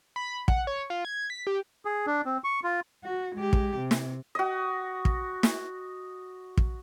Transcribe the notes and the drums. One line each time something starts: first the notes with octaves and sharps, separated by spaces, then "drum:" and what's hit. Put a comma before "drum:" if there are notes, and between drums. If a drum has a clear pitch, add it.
B5
F#5, drum: kick
C#5
F4
G#6
B6
G4
G#4
D4
C4
C#6
F4
F#4
G#3 G4
drum: kick
C3
drum: snare
F#4 D#5
drum: kick
drum: snare
drum: kick